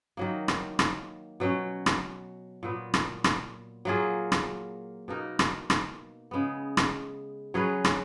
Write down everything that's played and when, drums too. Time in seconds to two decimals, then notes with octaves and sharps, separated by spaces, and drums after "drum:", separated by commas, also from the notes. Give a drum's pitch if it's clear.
0.17 D#3 F#3 A#3
0.48 drum: rim click
0.79 drum: rim click
1.40 B2 F#3 C#4
1.86 drum: rim click
2.63 A#2 F#3 B3
2.94 drum: rim click
3.24 drum: rim click
3.85 F#3 A#3 F4 G#4
4.32 drum: rim click
5.08 B2 A#3 D#4 A#4
5.39 drum: rim click
5.70 drum: rim click
6.31 C#3 G#3 B3
6.77 drum: rim click
7.54 F#3 C#4 G#4 B4
7.85 drum: rim click